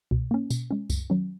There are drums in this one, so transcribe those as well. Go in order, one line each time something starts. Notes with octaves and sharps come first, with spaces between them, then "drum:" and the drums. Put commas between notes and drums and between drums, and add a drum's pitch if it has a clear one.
B2, drum: kick C2
A#3 C#4
B2, drum: tambourine
G#3 C#4
F#2, drum: kick C2, tambourine
D#3 F#3 C#4